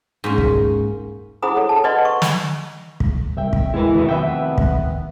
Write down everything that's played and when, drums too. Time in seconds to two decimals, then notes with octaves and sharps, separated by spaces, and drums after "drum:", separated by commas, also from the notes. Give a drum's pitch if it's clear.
0.24 G#2 A#3 C#4
0.38 drum: kick
1.42 E4 G#4 C5 F#5 B5 D#6
1.57 A4 C#5
1.69 A5
1.84 B4 D5 D#5 F#5 C6
2.05 C#6
2.22 drum: snare
3.00 drum: kick
3.37 C2 D#3 E5 G5
3.53 drum: kick
3.74 E2 E3 G#3 E4 A#4 B4
3.94 G#2 B2 D#3 F#3 B3 E5
4.09 F2 C3 B3 B4 E5 G5
4.58 drum: kick